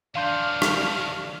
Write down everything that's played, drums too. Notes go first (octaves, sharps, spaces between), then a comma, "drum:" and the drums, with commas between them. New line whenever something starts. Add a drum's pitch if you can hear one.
E3 F#3 D4 F5 C6 F6 G6
drum: rim click